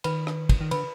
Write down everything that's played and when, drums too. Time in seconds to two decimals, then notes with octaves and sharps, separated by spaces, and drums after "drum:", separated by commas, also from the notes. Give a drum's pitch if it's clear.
0.04 D#3 B4 B5, drum: cymbal
0.27 drum: rim click
0.49 drum: kick, cymbal
0.61 D#3
0.71 D3 B4 B5, drum: cymbal